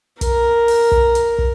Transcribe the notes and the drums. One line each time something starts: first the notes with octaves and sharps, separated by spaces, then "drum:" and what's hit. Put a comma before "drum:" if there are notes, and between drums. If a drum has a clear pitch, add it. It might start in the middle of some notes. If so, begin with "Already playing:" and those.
A#4, drum: kick, hi-hat
drum: open hi-hat
drum: kick
drum: hi-hat
drum: kick